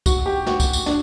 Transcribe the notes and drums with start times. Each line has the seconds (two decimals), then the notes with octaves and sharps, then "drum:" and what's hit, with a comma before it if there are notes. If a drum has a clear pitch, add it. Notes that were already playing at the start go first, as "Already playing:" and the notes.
0.06 F#4, drum: kick, tambourine
0.26 G4
0.46 F#4, drum: snare
0.60 drum: kick, tambourine
0.73 drum: tambourine
0.86 D4, drum: snare